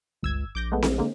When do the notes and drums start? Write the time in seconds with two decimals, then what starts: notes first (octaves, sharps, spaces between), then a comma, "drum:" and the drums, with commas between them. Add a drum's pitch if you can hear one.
0.23 G1 C#2 E6 G#6
0.55 A#1 D6 G6 A#6
0.72 G#3 A3 B3
0.82 drum: snare C4
0.98 D3 G#3 A#3